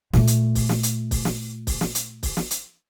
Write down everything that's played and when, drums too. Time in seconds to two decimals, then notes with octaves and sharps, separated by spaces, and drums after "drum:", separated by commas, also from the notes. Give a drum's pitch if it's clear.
0.13 A#2 A3, drum: snare
0.27 drum: hi-hat
0.55 drum: kick, open hi-hat
0.69 drum: snare
0.83 drum: hi-hat
1.11 drum: kick, open hi-hat
1.25 drum: snare
1.67 drum: kick, open hi-hat
1.81 drum: snare
1.95 drum: hi-hat
2.23 drum: kick, open hi-hat
2.37 drum: snare
2.51 drum: hi-hat